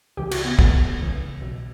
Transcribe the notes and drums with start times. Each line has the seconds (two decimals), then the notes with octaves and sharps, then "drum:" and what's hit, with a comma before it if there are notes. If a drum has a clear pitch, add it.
0.17 C#2 C#3 E3 G4
0.31 F#4, drum: cymbal
0.45 B3
0.59 D2 D3 B3, drum: kick
1.00 C#2 C#3 E3
1.41 B1 B2